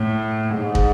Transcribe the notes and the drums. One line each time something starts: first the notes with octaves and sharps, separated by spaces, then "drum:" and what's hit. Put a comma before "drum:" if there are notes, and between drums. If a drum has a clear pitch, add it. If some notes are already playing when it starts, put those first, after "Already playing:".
Already playing: A2
G#2
drum: kick